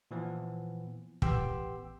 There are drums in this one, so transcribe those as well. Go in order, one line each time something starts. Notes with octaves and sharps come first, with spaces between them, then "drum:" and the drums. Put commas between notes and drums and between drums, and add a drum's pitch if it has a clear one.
A#2 E3 F3 B3
A1 B3 G4 G5 C6 E6, drum: kick